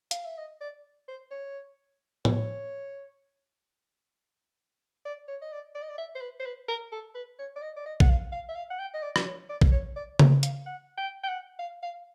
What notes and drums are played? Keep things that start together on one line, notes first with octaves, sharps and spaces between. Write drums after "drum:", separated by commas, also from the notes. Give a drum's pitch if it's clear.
F5, drum: hi-hat
E5
D#5
D5
C5
C#5
C#5, drum: tom A2
D5
C#5
D#5
D5
D5
D#5
D5
E5
C5
B4
C5
B4
A#4
A4
B4
C#5
D5
D#5
D5
D#5
F#5, drum: kick
F5
F5
E5
F5
F#5
G5
D#5
D5
D5, drum: rim click
C#5
D5
drum: kick
C#5
D5
E5, drum: tom C#3
F5, drum: hi-hat
F#5
G5
G5
F#5
F5
F5